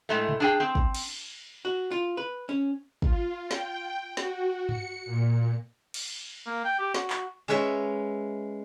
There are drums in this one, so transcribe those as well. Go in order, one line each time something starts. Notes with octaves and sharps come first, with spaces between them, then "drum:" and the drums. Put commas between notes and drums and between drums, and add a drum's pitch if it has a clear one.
A2 G#3 A3
drum: tom
D4 G#4 G5
C4
drum: kick
drum: cymbal
F#4
F4
B4
C#4
F4, drum: kick
G5, drum: snare
F#4, drum: snare
C#7, drum: tom G2
A#2
drum: cymbal
A#3
G5
G4
F#4, drum: snare
drum: clap
G#3 C#4 B4 C#5 E5